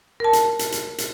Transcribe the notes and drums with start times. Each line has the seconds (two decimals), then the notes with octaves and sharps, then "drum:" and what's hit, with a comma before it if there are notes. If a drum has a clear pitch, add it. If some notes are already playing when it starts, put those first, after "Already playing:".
0.20 A#4 A5
0.33 drum: hi-hat
0.59 drum: hi-hat
0.72 drum: hi-hat
0.98 drum: hi-hat